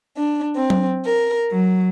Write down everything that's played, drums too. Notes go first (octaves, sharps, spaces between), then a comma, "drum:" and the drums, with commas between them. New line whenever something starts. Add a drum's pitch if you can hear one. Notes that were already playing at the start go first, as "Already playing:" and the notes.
D4
C4
drum: tom F#3
A#4
F#3